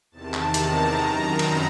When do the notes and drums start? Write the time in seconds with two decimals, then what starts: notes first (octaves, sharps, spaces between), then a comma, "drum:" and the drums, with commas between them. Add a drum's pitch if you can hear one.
0.11 E2 C3 D#3 A5
0.34 drum: clap
0.54 A#5, drum: hi-hat
0.96 F#2 D#3 A#5
1.39 B5, drum: cymbal